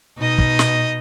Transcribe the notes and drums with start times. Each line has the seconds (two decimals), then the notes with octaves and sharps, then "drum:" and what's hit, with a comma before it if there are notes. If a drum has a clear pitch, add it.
0.18 B2 D#4 D#5
0.38 drum: kick
0.59 drum: snare